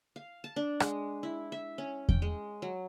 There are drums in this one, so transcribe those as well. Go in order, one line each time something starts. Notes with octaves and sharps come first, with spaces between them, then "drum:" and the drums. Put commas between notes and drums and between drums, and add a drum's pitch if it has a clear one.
F5
A5
D4
G#3, drum: rim click
E4
E5
C#4
G5, drum: kick E2
G#3
F#3